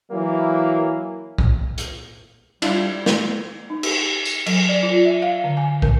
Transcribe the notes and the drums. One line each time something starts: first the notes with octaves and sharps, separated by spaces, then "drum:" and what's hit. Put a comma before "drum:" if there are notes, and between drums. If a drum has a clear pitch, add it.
E3 F#3 A#3 E4
drum: kick
drum: hi-hat
G3 D4 E4 F4, drum: cymbal
drum: snare
D#4
G4, drum: cymbal
drum: tambourine
F#3, drum: cymbal
D5
F4
E5
F5
D3
G#5
A#4, drum: kick